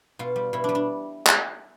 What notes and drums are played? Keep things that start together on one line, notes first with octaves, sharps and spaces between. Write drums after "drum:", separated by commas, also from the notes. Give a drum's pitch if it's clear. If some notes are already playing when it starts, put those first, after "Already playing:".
B2 F4
G3
B2 E4
G3 D4
D4
drum: clap